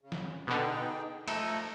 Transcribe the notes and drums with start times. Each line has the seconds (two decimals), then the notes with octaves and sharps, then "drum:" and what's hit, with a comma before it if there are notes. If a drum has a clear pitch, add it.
0.01 C#3
0.12 drum: snare
0.47 B2 D3 D#4 G#4 G5
1.28 F3 A3 D#4 A4, drum: cymbal